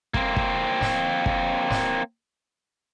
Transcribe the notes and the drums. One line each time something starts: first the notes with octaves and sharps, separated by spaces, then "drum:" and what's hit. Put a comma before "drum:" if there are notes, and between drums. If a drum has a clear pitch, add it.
A#3 C4, drum: kick
drum: kick
drum: snare
drum: kick
drum: snare